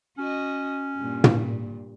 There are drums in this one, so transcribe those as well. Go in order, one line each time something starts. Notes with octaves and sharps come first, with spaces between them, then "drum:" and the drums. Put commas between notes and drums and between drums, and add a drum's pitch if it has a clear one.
C#4 F#4 D#5
G2 A#2
drum: tom